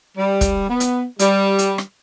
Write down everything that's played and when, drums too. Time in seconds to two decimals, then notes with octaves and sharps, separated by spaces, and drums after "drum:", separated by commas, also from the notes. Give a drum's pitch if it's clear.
0.18 G3
0.41 drum: kick, hi-hat
0.69 B3
0.80 drum: hi-hat
1.19 G3, drum: hi-hat
1.59 drum: hi-hat
1.78 drum: rim click